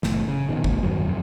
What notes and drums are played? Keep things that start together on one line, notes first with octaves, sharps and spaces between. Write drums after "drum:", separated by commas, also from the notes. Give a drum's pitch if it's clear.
F#1 A2, drum: snare
C#3
A#1 B2 D#3
E1 C#2 A2, drum: kick
E2 G2 D#3 F#3
E1 F2